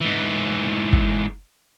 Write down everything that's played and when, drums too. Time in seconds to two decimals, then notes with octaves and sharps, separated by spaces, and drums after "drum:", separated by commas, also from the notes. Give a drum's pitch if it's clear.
0.01 G#2 E3
0.93 drum: kick